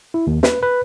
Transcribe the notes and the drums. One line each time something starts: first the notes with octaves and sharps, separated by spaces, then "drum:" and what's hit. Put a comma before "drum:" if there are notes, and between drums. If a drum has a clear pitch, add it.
E4
D#2
B4, drum: snare
B4